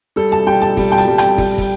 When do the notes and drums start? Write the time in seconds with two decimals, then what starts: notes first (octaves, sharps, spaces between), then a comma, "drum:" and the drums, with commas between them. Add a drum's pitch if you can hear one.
0.16 G3 A4
0.32 A5
0.47 G3 G5
0.62 A5
0.77 G3, drum: kick, open hi-hat
0.92 G5
0.98 A5, drum: hi-hat
1.07 G3
1.18 G5, drum: rim click
1.38 G3, drum: kick, open hi-hat
1.58 drum: kick, open hi-hat